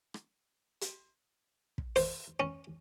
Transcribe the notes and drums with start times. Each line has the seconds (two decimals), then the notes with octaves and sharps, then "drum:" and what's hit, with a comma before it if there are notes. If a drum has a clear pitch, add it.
0.14 drum: rim click
0.81 drum: hi-hat
1.78 drum: kick
1.96 C5, drum: open hi-hat
2.40 C#4